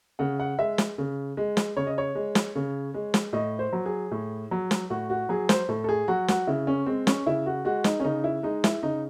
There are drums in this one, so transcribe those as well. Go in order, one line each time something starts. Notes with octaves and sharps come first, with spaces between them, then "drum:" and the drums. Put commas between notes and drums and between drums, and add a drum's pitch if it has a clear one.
C#3 F#5
F#5
G#3 E5
drum: snare
C#3
G#3
drum: snare
C#3 C#5
D#5
C#5
G#3
drum: snare
C#3
G#3
drum: snare
A2 D#5
C5
F#3
G#4
A2
F#3
drum: snare
A2 F#4
F#4
F#3 G#4
C5, drum: snare
A2 A4
A4
G#4
F#3 F#4
F#4, drum: snare
C#3 E4
C#4
G#3 C4
C#4, drum: snare
C#3 E4
F#4
G#3 F#4
D#4, drum: snare
C#4
C#3 D#4
E4
G#3 D#4
E4, drum: snare
C#3 D#4